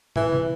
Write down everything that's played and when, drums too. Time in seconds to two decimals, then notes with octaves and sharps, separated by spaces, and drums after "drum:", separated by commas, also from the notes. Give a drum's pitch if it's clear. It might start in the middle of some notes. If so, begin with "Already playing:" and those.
0.16 E3, drum: tom
0.32 drum: tom C3